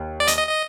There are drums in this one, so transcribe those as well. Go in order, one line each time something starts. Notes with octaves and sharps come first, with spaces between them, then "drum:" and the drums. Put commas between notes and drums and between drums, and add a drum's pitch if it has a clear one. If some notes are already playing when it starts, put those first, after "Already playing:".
Already playing: D#2
D5
D#5, drum: hi-hat
D#5
D#5